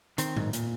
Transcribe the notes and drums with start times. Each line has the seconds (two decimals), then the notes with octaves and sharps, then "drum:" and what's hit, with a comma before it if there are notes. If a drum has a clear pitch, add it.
0.18 D#3 C4, drum: hi-hat
0.37 G#2, drum: tom A2
0.53 A#2, drum: hi-hat